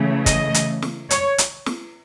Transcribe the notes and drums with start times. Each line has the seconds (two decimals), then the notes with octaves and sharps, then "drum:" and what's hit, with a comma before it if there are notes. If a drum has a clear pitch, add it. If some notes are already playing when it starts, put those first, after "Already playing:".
Already playing: C#3 E3 A3
0.26 D#5, drum: kick G1, hi-hat
0.54 drum: hi-hat
0.82 drum: snare
1.11 C#5, drum: hi-hat
1.38 drum: hi-hat
1.66 drum: snare